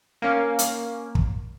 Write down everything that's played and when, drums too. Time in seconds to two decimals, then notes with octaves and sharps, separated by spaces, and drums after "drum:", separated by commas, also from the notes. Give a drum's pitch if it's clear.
0.22 A#3 C#4
0.59 drum: hi-hat
1.15 drum: kick